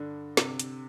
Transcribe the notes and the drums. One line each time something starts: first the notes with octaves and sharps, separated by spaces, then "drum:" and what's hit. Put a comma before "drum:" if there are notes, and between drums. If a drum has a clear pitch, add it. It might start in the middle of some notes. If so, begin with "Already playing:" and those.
Already playing: G2 D3
C3, drum: snare
drum: hi-hat